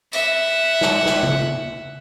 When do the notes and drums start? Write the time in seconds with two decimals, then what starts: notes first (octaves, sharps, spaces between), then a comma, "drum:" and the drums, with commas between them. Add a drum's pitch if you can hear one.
0.13 E5 F#5, drum: tambourine
0.81 drum: snare
1.06 drum: snare
1.23 drum: tom C#3